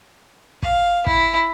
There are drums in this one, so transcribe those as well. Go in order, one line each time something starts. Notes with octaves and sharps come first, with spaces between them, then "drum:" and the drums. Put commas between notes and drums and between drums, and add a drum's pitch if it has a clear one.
F5, drum: kick
E4, drum: kick